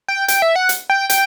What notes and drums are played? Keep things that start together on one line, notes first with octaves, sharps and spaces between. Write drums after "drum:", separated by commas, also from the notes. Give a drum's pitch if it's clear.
G5
G5, drum: hi-hat
E5
F#5
drum: hi-hat
G5
G5, drum: hi-hat